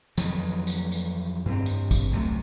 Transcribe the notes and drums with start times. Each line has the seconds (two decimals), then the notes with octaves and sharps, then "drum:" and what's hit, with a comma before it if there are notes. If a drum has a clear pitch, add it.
0.18 F2 D#3 E3 F#3, drum: tambourine
0.67 drum: tambourine
0.92 drum: tambourine
1.46 G2 C4
1.66 drum: tambourine
1.91 drum: kick, tambourine
2.11 C2 F#2 C3 A3